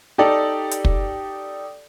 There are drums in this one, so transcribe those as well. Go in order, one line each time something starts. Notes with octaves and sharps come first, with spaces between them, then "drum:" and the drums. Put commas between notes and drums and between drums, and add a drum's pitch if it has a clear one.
D#4 G4 A4 D5
drum: hi-hat
drum: kick